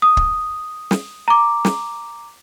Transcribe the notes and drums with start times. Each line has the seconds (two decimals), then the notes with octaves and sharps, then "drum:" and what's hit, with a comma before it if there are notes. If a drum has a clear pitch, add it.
0.02 D#6
0.17 drum: kick
0.91 drum: snare
1.28 A#5 D6
1.65 drum: snare